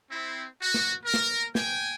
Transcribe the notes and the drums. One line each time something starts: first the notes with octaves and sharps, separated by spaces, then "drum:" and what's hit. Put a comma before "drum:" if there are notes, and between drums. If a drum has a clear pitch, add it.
C4 E4
F#4
drum: snare
A#4
drum: snare
G5 G#5, drum: snare